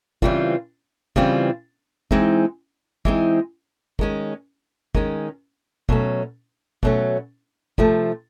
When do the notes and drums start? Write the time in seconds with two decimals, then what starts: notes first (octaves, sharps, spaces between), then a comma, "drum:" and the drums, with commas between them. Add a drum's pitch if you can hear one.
0.22 C#3 E3 G3 C4 F4, drum: kick
1.16 C#3 E3 G3 C4 F4, drum: kick
2.11 E3 G#3 C4 D#4, drum: kick
3.05 E3 G#3 C4 D#4, drum: kick
3.99 D#3 G#3 C#4, drum: kick
4.95 D#3 G#3 C#4, drum: kick
5.89 B2 F#3 A3 C#4, drum: kick
6.83 B2 F#3 A3 C#4, drum: kick
7.78 C3 F3 A3, drum: kick